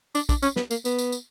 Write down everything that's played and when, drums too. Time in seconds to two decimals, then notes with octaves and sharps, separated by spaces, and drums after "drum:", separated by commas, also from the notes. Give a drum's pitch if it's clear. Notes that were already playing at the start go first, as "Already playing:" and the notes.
0.15 D4, drum: tambourine
0.29 D4, drum: kick, tambourine
0.42 C#4, drum: tambourine
0.56 B3, drum: snare
0.71 A#3, drum: tambourine
0.85 B3, drum: tambourine
0.98 drum: tambourine
1.12 drum: tambourine